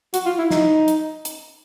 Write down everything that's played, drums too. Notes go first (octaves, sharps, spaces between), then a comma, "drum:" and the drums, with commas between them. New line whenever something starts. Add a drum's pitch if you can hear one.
F#4, drum: hi-hat
F4
E4
D#4, drum: snare
drum: hi-hat
drum: hi-hat